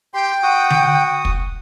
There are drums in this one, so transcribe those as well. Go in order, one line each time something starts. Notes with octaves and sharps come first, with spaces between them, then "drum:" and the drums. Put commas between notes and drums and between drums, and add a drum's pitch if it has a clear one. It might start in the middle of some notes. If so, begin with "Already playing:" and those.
G4 G5 C6
F#4 F#5 D#6
drum: tom D3
drum: kick